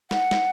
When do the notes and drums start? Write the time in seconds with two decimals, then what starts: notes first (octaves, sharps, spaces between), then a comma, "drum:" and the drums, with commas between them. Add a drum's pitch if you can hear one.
0.11 F#5, drum: snare
0.31 drum: snare